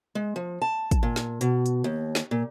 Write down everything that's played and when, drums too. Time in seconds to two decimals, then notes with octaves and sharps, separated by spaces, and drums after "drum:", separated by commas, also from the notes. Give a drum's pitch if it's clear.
0.15 G#3
0.36 F3
0.62 A5
0.91 drum: kick, hi-hat
1.03 A#2
1.16 drum: snare
1.41 B2, drum: hi-hat
1.66 drum: hi-hat
1.84 D#2
2.15 drum: snare
2.31 A#2